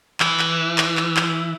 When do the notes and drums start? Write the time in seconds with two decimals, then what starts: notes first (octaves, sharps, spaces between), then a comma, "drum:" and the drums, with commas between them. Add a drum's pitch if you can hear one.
0.20 E3, drum: clap
0.39 drum: clap
0.78 drum: clap
0.97 drum: clap
1.17 drum: clap